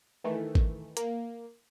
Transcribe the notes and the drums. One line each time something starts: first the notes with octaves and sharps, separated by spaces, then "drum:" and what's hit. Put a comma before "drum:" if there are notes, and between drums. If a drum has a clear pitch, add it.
D#3 E3 A3
drum: kick G#1
A#3, drum: hi-hat